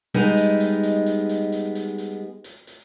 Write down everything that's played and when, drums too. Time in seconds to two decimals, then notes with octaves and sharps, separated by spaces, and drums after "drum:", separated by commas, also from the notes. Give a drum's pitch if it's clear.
0.14 G3 G#3 B3 D#4, drum: hi-hat
0.37 drum: hi-hat
0.60 drum: hi-hat
0.83 drum: hi-hat
1.06 drum: hi-hat
1.29 drum: hi-hat
1.52 drum: hi-hat
1.75 drum: hi-hat
1.98 drum: hi-hat
2.44 drum: hi-hat
2.67 drum: hi-hat